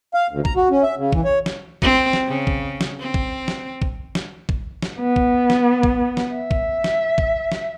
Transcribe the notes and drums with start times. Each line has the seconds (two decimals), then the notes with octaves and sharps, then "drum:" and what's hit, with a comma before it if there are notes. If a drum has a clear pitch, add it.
0.14 F5
0.31 D2
0.45 A#5, drum: kick
0.56 F#4
0.71 C#4
0.83 E5
0.97 C#3
1.12 E3, drum: kick
1.25 C#5
1.46 drum: snare
1.82 C4, drum: kick
2.13 drum: snare
2.27 C#3
2.47 drum: kick
2.81 drum: snare
2.99 C4
3.14 drum: kick
3.48 drum: snare
3.82 drum: kick
4.15 drum: snare
4.49 drum: kick
4.82 drum: snare
5.00 B3
5.16 drum: kick
5.50 drum: snare
5.83 drum: kick
6.17 drum: snare
6.35 E5
6.51 drum: kick
6.84 drum: snare
7.18 drum: kick
7.52 drum: snare